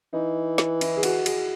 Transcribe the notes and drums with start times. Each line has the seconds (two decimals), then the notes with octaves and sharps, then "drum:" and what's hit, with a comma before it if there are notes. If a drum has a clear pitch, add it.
0.13 E3 D#4
0.58 drum: snare
0.81 E4, drum: cymbal
0.97 G#4
1.03 F#4, drum: cymbal
1.26 G#4, drum: cymbal